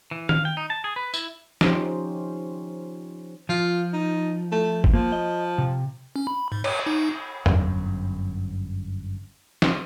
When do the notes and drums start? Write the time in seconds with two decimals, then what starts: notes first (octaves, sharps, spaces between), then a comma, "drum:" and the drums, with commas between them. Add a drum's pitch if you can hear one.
0.11 E3
0.29 F5, drum: tom
0.45 G5
0.57 D#4
0.70 A5
0.84 G#4
0.96 B4
1.14 E4, drum: tambourine
1.61 F3 C#4 D#4 G4 C5, drum: snare
3.49 F3 F4
3.93 D#4
4.52 A3
4.84 drum: kick G1
4.93 F3 A#3
5.12 D#5
5.58 C3
6.16 C#4
6.27 B5
6.52 G#2
6.64 C#5, drum: cymbal
6.86 D#4
7.46 G1 F#2, drum: tom E2
9.62 drum: snare